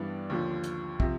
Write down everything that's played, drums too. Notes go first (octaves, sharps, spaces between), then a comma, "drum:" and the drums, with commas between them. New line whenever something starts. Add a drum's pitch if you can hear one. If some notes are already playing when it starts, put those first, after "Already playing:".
Already playing: G2 E3 G3 B3 D4
D#2 D3 F3
drum: hi-hat
C3 F3, drum: kick